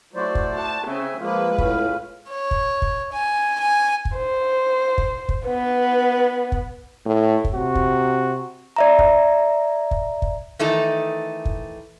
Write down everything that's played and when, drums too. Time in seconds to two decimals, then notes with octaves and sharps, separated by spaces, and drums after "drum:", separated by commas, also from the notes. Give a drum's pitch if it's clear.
0.15 F#3 A3 E4 F#4 C5 D5 B5
0.35 drum: kick
0.57 F#5 G5 A5 D#6
0.87 C#3 C4 E5 G#5
1.20 F3 G#3 A#3 F4 B4
1.58 A2 B3 C#4 F5, drum: kick
2.29 C#5
2.51 drum: kick
2.82 drum: kick
3.13 G#5
3.61 G#5
4.05 drum: kick
4.16 C5
4.98 drum: kick
5.29 drum: kick
5.47 B3 B4
6.52 drum: kick
7.06 A2
7.44 drum: kick
7.54 C3 F#4
7.75 drum: kick
8.76 D5 E5 A#5
8.99 drum: kick
9.91 drum: kick
10.22 drum: kick
10.59 D#3 E3 A3 D#4 A4
11.45 drum: kick